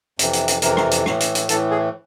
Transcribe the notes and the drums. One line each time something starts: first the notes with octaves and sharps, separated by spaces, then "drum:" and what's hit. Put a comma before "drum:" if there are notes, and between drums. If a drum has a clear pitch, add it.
F2 C3 E3, drum: hi-hat
drum: hi-hat
drum: hi-hat
F2 C3 E3 A#4, drum: hi-hat
drum: rim click
drum: hi-hat
A2 E3, drum: rim click
drum: hi-hat
drum: hi-hat
A2 E3 A4, drum: hi-hat
G#4